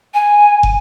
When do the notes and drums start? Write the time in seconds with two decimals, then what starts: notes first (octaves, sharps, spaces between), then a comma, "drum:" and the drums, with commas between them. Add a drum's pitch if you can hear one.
0.14 G#5
0.63 drum: kick